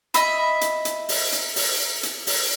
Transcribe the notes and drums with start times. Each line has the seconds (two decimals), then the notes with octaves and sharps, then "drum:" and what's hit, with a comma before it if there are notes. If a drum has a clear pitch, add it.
0.14 D#5 E5 B5, drum: hi-hat
0.61 drum: hi-hat
0.85 drum: hi-hat
1.09 drum: open hi-hat
1.32 drum: hi-hat
1.56 drum: open hi-hat
2.03 drum: hi-hat
2.27 drum: open hi-hat